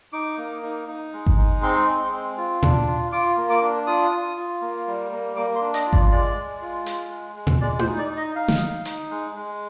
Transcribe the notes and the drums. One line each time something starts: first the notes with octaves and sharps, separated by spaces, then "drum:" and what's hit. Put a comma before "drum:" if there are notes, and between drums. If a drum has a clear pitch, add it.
D#4 D6
A#3
D#4
D#4
G#3
drum: kick G#1
D#4
C4 C6
G#3
C4
F4
D4, drum: tom A#2
F4
F4 D6
A#3
D6
D4
F4 D#6
F4
F4
A#3
G3
A#3
A#3 D6
C6
D4
D#5, drum: hi-hat
F4
D5, drum: kick G#1
G#3 D5
G#3
F4
G#3, drum: hi-hat
G#3
G#3
drum: tom A#2
G#3 D5
C5, drum: tom E4
D#4
D5
D#4
D#5
D#4 F5
drum: snare
D#4
D#4, drum: hi-hat
G#3
G#3